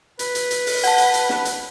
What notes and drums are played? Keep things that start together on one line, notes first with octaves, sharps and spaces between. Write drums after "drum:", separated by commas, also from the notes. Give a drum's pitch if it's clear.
B4, drum: hi-hat
drum: hi-hat
drum: hi-hat
drum: open hi-hat
F#5 A5, drum: hi-hat
drum: hi-hat
drum: hi-hat
drum: snare
drum: hi-hat